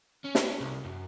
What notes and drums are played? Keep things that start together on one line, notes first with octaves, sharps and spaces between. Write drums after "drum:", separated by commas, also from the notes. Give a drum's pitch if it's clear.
C#4
drum: snare
C2
F#2